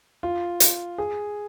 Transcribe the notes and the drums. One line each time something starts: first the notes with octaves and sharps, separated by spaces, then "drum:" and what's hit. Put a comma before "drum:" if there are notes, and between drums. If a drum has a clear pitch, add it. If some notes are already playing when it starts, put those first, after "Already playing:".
F4
drum: hi-hat
G#4